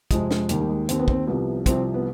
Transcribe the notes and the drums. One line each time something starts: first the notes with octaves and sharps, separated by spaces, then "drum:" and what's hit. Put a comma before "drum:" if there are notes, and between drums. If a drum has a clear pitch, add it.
F2 C3 F3 G#3, drum: kick, hi-hat
G#3, drum: snare
D#2 D#3 G3, drum: hi-hat
G3
G#3
D#2 D#3 C4, drum: hi-hat
B3
C4, drum: kick
C2 C3 F3 B3
C2 C3 F3 C4, drum: kick, hi-hat
B3